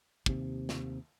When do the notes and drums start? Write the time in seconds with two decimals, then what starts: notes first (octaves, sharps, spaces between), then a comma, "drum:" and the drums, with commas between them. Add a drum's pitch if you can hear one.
0.26 D#2 C3, drum: kick
0.69 drum: snare